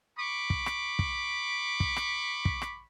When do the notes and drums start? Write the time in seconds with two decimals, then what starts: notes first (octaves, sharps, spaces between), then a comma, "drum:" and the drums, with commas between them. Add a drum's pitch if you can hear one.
0.18 B5 C#6 D6
0.50 drum: kick
0.66 drum: rim click
0.99 drum: kick
1.80 drum: kick
1.97 drum: rim click
2.45 drum: kick
2.62 drum: rim click